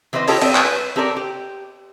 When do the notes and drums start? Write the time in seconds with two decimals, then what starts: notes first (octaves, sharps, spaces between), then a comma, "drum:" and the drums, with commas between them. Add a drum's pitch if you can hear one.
0.13 E3 C4 B4 C5 D#5
0.27 E4 F4 G4 A4 C#5 D#5, drum: open hi-hat
0.41 C4 G5, drum: cymbal
0.55 drum: clap
0.65 B4
0.96 C4 G4 A4 A#4 C#5 D5
1.17 G4